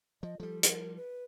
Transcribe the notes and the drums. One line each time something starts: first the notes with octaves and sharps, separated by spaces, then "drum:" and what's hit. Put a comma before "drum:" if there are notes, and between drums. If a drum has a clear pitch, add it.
F3 D#5
F3 G3 A4
A#4, drum: hi-hat
B4